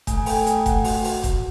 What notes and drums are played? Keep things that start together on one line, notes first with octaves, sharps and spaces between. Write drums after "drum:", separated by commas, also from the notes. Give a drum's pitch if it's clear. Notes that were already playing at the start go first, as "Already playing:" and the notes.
A3 G#5, drum: kick F1, hi-hat
G#5
A4 G5, drum: open hi-hat
G#5
A3 G5, drum: hi-hat
A4 F#5, drum: kick F1, hi-hat
F#4 F#5, drum: open hi-hat
drum: open hi-hat
drum: kick F1, hi-hat